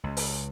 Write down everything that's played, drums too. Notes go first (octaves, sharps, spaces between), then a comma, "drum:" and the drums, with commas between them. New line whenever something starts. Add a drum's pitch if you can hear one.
C#2
drum: open hi-hat